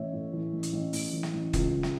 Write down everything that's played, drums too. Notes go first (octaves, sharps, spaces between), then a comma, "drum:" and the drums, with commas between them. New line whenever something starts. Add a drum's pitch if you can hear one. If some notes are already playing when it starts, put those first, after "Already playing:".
Already playing: A1 C#5 E5
A2
E3
A1
drum: hi-hat
A1
A2, drum: open hi-hat
E3
drum: snare
A1
C#2, drum: kick, hi-hat
C#3
drum: snare